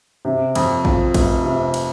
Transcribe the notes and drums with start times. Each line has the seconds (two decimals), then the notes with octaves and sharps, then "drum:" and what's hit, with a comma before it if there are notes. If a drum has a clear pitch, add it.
0.25 C3
0.55 F2, drum: cymbal
0.85 F3, drum: kick A1
1.14 F1, drum: kick A1, cymbal
1.44 C3
1.74 drum: cymbal